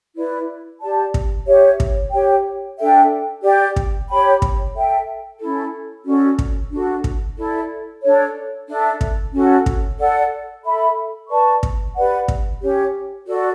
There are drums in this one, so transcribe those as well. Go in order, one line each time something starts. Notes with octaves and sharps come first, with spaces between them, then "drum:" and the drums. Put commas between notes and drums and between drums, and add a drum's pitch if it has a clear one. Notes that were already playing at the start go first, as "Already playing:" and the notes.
E4 B4 D5
G4 D5 A5
drum: kick
G4 C#5 E5
drum: kick
G4 C#5 G5
D4 A4 E5 G5
G4 D5 G5
drum: kick
G4 C#5 G5 B5
drum: kick
A4 E5 G5
C#4 E4 A4
C#4 F#4 A4 D5
drum: kick
D4 F#4 A4
drum: kick
E4 A4 D5
D4 A4 C#5
D4 A4 E5
drum: kick
C#4 F#4 A4
drum: kick
A4 D5 F#5
A4 E5 B5
B4 D5 A5 C#6
drum: kick
G4 B4 D5 F#5
drum: kick
C#4 G4 C#5
F#4 A4 D5